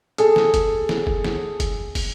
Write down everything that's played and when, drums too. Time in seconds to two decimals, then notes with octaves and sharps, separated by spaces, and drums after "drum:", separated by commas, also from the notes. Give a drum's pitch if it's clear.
0.18 G#4 A4, drum: hi-hat
0.36 drum: snare
0.54 drum: kick, hi-hat
0.89 drum: snare
1.07 drum: kick
1.25 drum: snare
1.60 drum: kick, hi-hat
1.95 drum: kick, open hi-hat